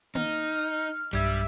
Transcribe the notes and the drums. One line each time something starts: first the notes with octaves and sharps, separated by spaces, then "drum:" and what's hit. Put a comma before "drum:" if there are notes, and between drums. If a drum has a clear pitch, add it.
D#4 F6, drum: tom A#3
B1 G2 G3 G4 E5 G#6, drum: hi-hat